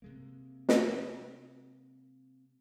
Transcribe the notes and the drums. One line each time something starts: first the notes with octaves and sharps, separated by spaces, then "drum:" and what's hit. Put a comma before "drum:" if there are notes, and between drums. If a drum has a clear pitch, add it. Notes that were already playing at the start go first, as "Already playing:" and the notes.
C3 G#3 A#3
drum: snare